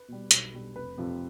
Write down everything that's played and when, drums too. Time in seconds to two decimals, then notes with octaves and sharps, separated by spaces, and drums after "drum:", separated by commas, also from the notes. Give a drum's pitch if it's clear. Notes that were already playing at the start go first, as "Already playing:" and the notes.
Already playing: B4
0.08 B2 G3
0.31 B1, drum: hi-hat
0.54 B2 G3
0.75 F1 B4
0.98 F2 C3 F3